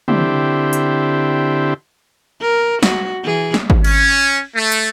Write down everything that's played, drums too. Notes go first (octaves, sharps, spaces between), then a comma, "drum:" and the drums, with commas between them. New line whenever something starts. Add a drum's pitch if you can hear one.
D3 C4 E4 G4, drum: tom
drum: hi-hat
A#4
F#4, drum: snare
E3 G#4
drum: snare
drum: kick G#1
C#4, drum: cymbal
A3
drum: hi-hat